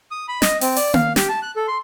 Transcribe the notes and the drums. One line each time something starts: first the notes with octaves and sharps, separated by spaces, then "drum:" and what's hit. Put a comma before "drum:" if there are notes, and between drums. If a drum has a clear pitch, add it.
D#6
B5
D#5, drum: snare
C4, drum: open hi-hat
D5, drum: open hi-hat
F5, drum: tom A#3
G4, drum: snare
A5
F#6
A4
C6